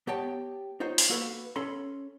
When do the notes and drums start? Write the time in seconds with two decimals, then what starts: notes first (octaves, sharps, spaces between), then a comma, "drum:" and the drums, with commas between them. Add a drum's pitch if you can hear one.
0.07 B3 G4 C#5 G5 A5
0.80 D#4 F4 C5 C#5
0.98 drum: open hi-hat
1.10 A#3 F#4 A4 B4
1.56 C#4 A4 B5 C6